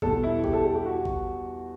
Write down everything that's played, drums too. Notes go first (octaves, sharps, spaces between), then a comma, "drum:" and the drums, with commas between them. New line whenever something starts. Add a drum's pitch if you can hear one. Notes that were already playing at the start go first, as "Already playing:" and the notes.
E2 B2 G3 B3 A4, drum: kick
E4
G4, drum: kick
A4
A4
G4
F#4
drum: kick